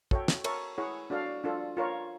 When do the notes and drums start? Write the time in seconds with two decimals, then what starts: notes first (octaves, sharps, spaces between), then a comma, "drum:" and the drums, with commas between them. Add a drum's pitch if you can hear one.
0.11 F#4 A4 C#5 E5 G5, drum: kick
0.28 drum: snare
0.44 A#4 C#5 E5 A5 C#6, drum: cymbal
0.78 E4 G#4 C#5 F#5
1.10 D4 F#4 A4 D5 F5
1.44 D4 F4 A4
1.77 F4 A#4 C#5